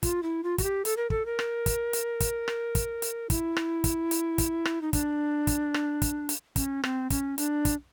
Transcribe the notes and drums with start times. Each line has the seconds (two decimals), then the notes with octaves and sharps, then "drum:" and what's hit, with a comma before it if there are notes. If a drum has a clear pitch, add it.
0.03 F4, drum: kick, hi-hat
0.23 E4
0.43 F4
0.58 F#4, drum: kick, hi-hat
0.63 G4
0.85 A4, drum: hi-hat
0.97 A#4
1.10 A4, drum: kick
1.26 A#4
1.39 drum: rim click
1.66 drum: kick, hi-hat
1.93 drum: hi-hat
2.20 drum: kick, hi-hat
2.48 drum: rim click
2.75 drum: kick, hi-hat
3.02 drum: hi-hat
3.30 E4, drum: kick, hi-hat
3.57 drum: rim click
3.84 drum: kick, hi-hat
4.11 drum: hi-hat
4.38 drum: kick, hi-hat
4.65 drum: rim click
4.82 D#4
4.93 D4, drum: kick, hi-hat
5.47 drum: kick, hi-hat
5.74 drum: rim click
6.02 drum: kick, hi-hat
6.29 drum: hi-hat
6.56 C#4, drum: kick, hi-hat
6.84 C4, drum: rim click
7.10 C#4, drum: kick, hi-hat
7.38 D4, drum: hi-hat
7.65 drum: kick, hi-hat